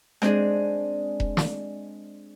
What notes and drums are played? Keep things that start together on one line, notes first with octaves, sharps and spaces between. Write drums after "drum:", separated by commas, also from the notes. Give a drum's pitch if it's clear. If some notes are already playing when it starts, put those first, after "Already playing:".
G#3 C4 D4 G#4, drum: rim click
drum: kick E1
drum: snare